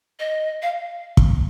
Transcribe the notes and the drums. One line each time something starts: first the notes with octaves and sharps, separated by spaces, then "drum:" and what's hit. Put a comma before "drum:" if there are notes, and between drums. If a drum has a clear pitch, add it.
D#5
F5
drum: kick